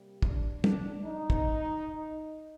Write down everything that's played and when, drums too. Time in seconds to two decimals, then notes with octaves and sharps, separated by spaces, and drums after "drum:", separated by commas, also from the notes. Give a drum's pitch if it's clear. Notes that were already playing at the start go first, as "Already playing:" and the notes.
Already playing: C3 G3 A#3
0.22 D4, drum: kick
0.64 D4, drum: tom
1.06 D#4
1.30 drum: kick